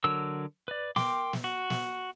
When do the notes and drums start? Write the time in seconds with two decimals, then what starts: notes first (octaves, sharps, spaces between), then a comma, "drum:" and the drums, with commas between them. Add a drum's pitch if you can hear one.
0.04 D3 F#3 A#4 E6
0.68 B4 D5
0.96 A#4 G5 C6 D6, drum: snare
1.33 drum: snare
1.44 F#4
1.70 drum: snare